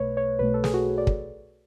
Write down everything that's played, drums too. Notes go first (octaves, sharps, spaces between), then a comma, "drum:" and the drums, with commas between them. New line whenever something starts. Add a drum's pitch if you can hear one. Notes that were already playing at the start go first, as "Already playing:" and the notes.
Already playing: B1 B2 A3 B4 C#5
C#5
B1 B2 A3 B4
A4
G#4, drum: snare
F#4
D5
drum: kick